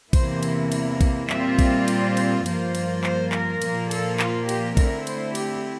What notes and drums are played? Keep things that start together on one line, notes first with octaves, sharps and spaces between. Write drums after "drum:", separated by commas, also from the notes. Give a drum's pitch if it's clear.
E2 C3 E3 A#3 E4 C5, drum: kick A#1, cymbal
drum: cymbal
drum: cymbal
drum: kick A#1, cymbal
A#2 G3 C4 F4 E5, drum: clap
drum: kick A#1, cymbal
D5, drum: cymbal
C5, drum: cymbal
G2 F3 A#3 F4 C5, drum: cymbal
drum: cymbal
C5, drum: clap
A#4, drum: clap
A#2 F3 A#3, drum: cymbal
A4, drum: cymbal
F4, drum: clap
G4, drum: cymbal
D3 A3 C4 E4 A#4, drum: kick A#1, cymbal
C5, drum: cymbal
G4, drum: cymbal